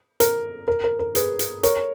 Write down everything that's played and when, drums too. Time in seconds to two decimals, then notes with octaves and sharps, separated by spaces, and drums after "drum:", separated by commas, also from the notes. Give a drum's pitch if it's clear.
0.20 A#4, drum: hi-hat
0.68 A#4
0.84 A#4
0.99 A#4
1.15 G#4 B4, drum: hi-hat
1.39 drum: hi-hat
1.63 A#4 C#5, drum: hi-hat